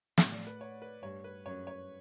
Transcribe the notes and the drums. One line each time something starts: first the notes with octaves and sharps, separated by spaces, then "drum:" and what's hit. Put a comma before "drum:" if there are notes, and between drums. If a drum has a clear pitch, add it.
A2 F#5, drum: snare
D5
B4
C#5
B4
G2 C#5
B4
F#2 C#5
C#5